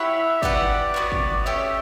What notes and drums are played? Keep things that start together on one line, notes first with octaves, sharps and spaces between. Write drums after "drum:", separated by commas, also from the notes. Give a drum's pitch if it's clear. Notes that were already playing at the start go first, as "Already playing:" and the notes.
Already playing: E4 G4 C#5 E5 F#5
G4 B4 D5 F#5, drum: kick
B3 F#4 C#5
drum: kick
A3 C#4 G4 C#5 E5